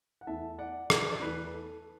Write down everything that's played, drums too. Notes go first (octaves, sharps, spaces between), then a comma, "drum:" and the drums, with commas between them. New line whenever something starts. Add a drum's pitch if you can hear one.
F#5
E2 E3 A3 E5 A5
D5 F#5
D5, drum: rim click
B4
A4 D5
E2 E3 A3 B4
B4
A4